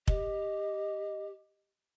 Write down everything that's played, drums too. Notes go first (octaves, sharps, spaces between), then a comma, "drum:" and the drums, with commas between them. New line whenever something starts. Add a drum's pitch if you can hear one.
G4 D#5, drum: kick